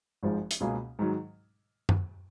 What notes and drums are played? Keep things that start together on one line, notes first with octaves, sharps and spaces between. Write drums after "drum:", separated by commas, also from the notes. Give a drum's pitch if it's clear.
G#1 G#2 F3 G#3
drum: hi-hat
C#2 B2 A#3 C#4 G#4
G#2 D#3 F#3
drum: tom F#2